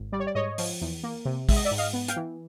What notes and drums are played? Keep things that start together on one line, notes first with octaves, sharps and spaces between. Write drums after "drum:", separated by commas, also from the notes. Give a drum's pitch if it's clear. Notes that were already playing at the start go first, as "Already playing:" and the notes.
Already playing: G#1
G3 D5
C#5
D5
G#2 C#5 D#5
F3, drum: open hi-hat
E2
A#3
C3
G#3 E5, drum: kick, open hi-hat
D#5
D5 E5
G#2
D#5 F5, drum: open hi-hat
B3
F5 G5, drum: hi-hat
E3